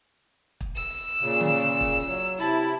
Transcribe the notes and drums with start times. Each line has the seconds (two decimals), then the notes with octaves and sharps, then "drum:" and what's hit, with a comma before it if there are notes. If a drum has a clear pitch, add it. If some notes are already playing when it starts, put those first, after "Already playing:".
0.61 drum: kick
0.76 E6
1.21 A#2 C#3
1.41 drum: tom D3
1.81 drum: kick
2.06 F#3
2.38 C3 E4 A5 B5